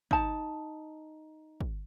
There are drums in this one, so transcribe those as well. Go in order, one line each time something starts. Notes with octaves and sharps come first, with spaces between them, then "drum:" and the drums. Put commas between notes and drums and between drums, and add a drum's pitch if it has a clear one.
D#4 A5, drum: kick
drum: kick